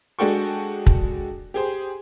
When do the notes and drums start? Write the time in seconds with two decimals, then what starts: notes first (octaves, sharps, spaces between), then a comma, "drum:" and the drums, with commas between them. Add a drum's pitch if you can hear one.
0.19 G#3 D4 F#4 A4 G5 C#6
0.86 drum: kick
1.54 G4 G#4 C5